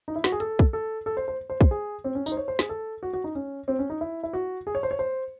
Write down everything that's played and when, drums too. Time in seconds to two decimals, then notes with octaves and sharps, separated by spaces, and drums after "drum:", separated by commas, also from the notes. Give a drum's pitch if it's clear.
0.08 D#4
0.16 E4
0.24 F#4, drum: snare
0.32 G#4
0.40 A4, drum: hi-hat
0.59 drum: kick
0.73 A4
1.06 A4
1.17 C5
1.28 C5
1.50 C5
1.61 C5, drum: kick
1.71 G#4
2.04 C4
2.15 C#4
2.26 D#4, drum: tambourine
2.32 C5
2.37 C#5
2.48 C5
2.59 G#4, drum: snare
2.69 A4
3.03 F#4
3.13 F#4
3.24 D#4
3.35 C#4
3.68 C4
3.79 C#4
3.90 D#4
4.01 E4
4.23 E4
4.33 F#4
4.67 G#4
4.75 C#5
4.83 C5
4.91 C#5
4.99 C5